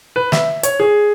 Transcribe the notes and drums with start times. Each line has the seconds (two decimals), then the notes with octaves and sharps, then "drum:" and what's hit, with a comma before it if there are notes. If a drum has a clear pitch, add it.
0.16 B4
0.32 E5, drum: snare
0.63 C#5, drum: hi-hat
0.80 G#4